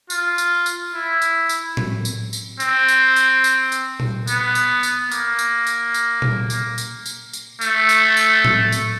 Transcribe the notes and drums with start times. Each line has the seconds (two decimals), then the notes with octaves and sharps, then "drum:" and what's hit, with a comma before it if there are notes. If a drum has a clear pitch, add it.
0.10 F4, drum: tambourine
0.38 drum: tambourine
0.66 drum: tambourine
0.94 E4
1.22 drum: tambourine
1.49 drum: tambourine
1.77 drum: tom A2
2.05 drum: tambourine
2.33 drum: tambourine
2.60 C4, drum: tambourine
2.88 drum: tambourine
3.16 drum: tambourine
3.44 drum: tambourine
3.72 drum: tambourine
4.00 drum: tom A#2
4.27 B3, drum: tambourine
4.55 drum: tambourine
4.83 drum: tambourine
5.11 A#3, drum: tambourine
5.39 drum: tambourine
5.66 drum: tambourine
5.94 drum: tambourine
6.22 drum: tom A#2
6.50 drum: tambourine
6.78 drum: tambourine
7.06 drum: tambourine
7.33 drum: tambourine
7.61 A3, drum: tambourine
7.89 drum: tambourine
8.17 drum: tambourine
8.45 drum: tom A2
8.72 drum: tambourine